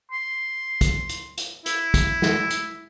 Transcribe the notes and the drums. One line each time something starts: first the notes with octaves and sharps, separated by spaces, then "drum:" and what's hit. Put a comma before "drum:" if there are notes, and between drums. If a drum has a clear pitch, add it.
C6
drum: kick, hi-hat
drum: hi-hat
drum: hi-hat
E4, drum: hi-hat
drum: kick, hi-hat
drum: snare
drum: hi-hat